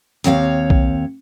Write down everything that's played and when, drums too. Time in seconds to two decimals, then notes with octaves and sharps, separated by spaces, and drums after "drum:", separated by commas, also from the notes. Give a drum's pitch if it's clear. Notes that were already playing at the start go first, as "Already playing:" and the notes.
0.24 D#2 C4 C#5 F5, drum: hi-hat
0.70 drum: kick